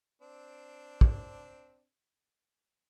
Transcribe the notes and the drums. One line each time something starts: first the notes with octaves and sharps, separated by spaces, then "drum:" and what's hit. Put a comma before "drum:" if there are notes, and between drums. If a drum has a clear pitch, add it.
C4 D4
drum: kick